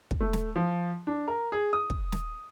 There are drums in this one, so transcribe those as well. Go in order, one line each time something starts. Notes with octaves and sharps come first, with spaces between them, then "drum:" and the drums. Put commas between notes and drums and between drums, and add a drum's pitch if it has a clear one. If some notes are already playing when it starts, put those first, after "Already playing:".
drum: kick
A3
drum: snare
F3
D4
A#4
G#4
D#6
drum: kick
drum: snare